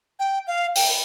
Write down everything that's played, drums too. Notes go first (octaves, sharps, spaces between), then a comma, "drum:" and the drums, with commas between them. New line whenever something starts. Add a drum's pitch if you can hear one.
G5
F5
G5, drum: open hi-hat